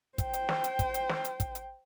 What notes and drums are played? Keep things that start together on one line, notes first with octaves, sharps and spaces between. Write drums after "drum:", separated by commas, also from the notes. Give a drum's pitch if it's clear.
C5 G5, drum: kick, hi-hat
drum: hi-hat
drum: snare
drum: hi-hat
drum: kick, hi-hat
drum: hi-hat
drum: snare
drum: hi-hat
drum: kick, hi-hat
drum: hi-hat